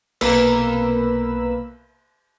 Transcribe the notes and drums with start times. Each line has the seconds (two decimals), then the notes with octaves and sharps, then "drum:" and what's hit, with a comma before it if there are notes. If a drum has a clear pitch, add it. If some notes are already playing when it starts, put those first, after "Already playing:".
0.21 B1 C3 A#3 A#4 B4 E6, drum: cymbal